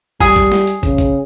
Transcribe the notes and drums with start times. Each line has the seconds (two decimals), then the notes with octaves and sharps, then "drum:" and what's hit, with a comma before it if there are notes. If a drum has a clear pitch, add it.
0.20 G3 G#4, drum: kick, hi-hat
0.36 drum: kick, hi-hat
0.52 drum: snare
0.67 drum: hi-hat
0.83 C#3, drum: kick, hi-hat
0.98 drum: kick, hi-hat